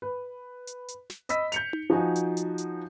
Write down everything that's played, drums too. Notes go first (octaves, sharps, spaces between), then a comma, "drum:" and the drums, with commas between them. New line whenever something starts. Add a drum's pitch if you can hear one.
B4
drum: hi-hat
drum: hi-hat
drum: snare
D#5 B5 E6 B6, drum: hi-hat
G6 C#7 F7, drum: hi-hat
drum: tom D#4
F3 D#4 F#4 F#5 G#5
drum: hi-hat
drum: hi-hat
drum: hi-hat